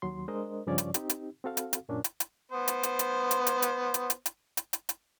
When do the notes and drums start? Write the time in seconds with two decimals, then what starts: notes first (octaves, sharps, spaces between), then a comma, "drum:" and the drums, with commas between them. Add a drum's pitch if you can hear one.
0.02 D#2 F#3 C6
0.28 G#3 D4 A#4 C5 D#5
0.67 G2 C#3 F3 C#4 C#5 D5
0.78 drum: hi-hat
0.94 C4 D#4 G4, drum: hi-hat
1.09 drum: hi-hat
1.44 C4 F#4 A4 F5
1.57 drum: hi-hat
1.73 drum: hi-hat
1.89 F#2 A#2 A#3 C#4 D4
2.04 drum: hi-hat
2.20 drum: hi-hat
2.52 B3 C5
2.68 drum: hi-hat
2.83 drum: hi-hat
2.99 drum: hi-hat
3.31 drum: hi-hat
3.47 drum: hi-hat
3.62 drum: hi-hat
3.94 drum: hi-hat
4.10 drum: hi-hat
4.26 drum: hi-hat
4.57 drum: hi-hat
4.73 drum: hi-hat
4.89 drum: hi-hat